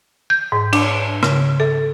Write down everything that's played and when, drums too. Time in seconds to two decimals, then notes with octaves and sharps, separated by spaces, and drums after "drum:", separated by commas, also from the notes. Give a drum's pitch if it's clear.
0.30 G6
0.52 G#2
0.73 D4, drum: cymbal
1.23 C#3, drum: rim click
1.60 A4